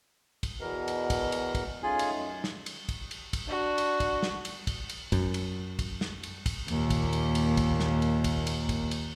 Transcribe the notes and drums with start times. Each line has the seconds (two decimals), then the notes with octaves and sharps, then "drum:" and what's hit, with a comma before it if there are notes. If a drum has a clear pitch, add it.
0.43 drum: kick, cymbal
0.61 E2 B2 A#4
0.88 drum: cymbal
1.10 drum: kick, cymbal
1.32 drum: cymbal
1.55 drum: kick, cymbal
1.83 A3 C#4 D#4 F4 G#4 G#5
1.99 drum: cymbal
2.15 F#2
2.44 drum: snare
2.66 drum: cymbal
2.89 drum: kick, cymbal
3.11 drum: cymbal
3.33 drum: kick, cymbal
3.48 D4 F#4
3.78 drum: cymbal
4.00 drum: kick, cymbal
4.23 drum: snare
4.45 drum: cymbal
4.67 drum: kick, cymbal
4.89 drum: cymbal
5.12 F#2, drum: kick, cymbal
5.34 drum: cymbal
5.79 drum: kick, cymbal
6.01 drum: snare
6.23 drum: cymbal
6.46 drum: kick, cymbal
6.68 D#2 A#2, drum: cymbal
6.90 drum: kick, cymbal
7.13 drum: cymbal
7.35 drum: cymbal
7.57 drum: kick, cymbal
7.80 drum: snare
8.02 drum: cymbal
8.24 drum: kick, cymbal
8.47 drum: cymbal
8.69 drum: kick, cymbal
8.91 drum: cymbal